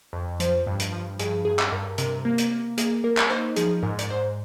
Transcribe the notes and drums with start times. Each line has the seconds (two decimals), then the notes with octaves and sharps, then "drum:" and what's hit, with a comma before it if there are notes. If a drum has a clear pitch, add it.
0.13 F2
0.40 F3 C5, drum: hi-hat
0.67 G2
0.80 drum: hi-hat
0.92 F3
1.19 G2 G#4, drum: hi-hat
1.45 G2 G#4
1.59 drum: clap
1.72 G2 A#4
1.98 C3 A#4, drum: hi-hat
2.25 A#3
2.38 drum: hi-hat
2.51 A#3
2.77 A#3 G#4, drum: hi-hat
3.04 A#3 A#4
3.17 drum: clap
3.30 D#4 C5
3.56 F3 G#4, drum: hi-hat
3.83 G#2 A#4
3.99 D5, drum: hi-hat
4.10 G#2 C5